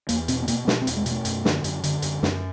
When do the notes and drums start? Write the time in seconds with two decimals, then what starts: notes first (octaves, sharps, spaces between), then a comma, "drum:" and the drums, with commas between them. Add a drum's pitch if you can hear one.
0.09 E2 A#3, drum: hi-hat
0.28 B2 C4, drum: hi-hat
0.42 B3
0.48 B2 A#3, drum: hi-hat
0.68 B2, drum: snare
0.82 C4
0.87 E2, drum: hi-hat
0.96 G#3
1.06 B2, drum: hi-hat
1.11 A3
1.25 F#2, drum: hi-hat
1.45 D3, drum: snare
1.64 F#2, drum: hi-hat
1.84 D3, drum: hi-hat
2.02 F#2, drum: hi-hat
2.23 F#2, drum: snare